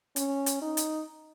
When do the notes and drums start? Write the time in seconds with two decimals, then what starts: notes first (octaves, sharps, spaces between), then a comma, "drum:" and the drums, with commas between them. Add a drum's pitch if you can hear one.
0.16 C#4, drum: hi-hat
0.46 drum: hi-hat
0.62 D#4
0.77 drum: hi-hat